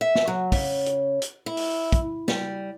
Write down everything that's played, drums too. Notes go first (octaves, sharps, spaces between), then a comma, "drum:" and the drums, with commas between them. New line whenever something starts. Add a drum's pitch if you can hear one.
E5
drum: snare
F#3
C#3, drum: kick, open hi-hat
drum: hi-hat
drum: hi-hat
E4
drum: open hi-hat
drum: kick, hi-hat
G3, drum: snare